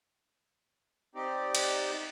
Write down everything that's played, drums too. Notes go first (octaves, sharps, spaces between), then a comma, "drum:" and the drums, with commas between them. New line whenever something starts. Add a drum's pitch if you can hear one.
C4 D#4 G4 D5
drum: cymbal